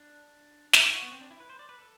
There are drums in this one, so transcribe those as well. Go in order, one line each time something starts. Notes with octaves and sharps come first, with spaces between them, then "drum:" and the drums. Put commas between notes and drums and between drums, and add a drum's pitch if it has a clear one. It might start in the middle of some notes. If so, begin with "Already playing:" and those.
Already playing: D4
D4, drum: snare
E4
F#4
B3
C4
D4
E4
B4
C5
D5
B4
A4